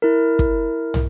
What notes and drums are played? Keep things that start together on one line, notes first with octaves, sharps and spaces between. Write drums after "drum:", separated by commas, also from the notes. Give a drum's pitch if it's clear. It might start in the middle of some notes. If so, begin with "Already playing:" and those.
E4 A#4
drum: kick
drum: tom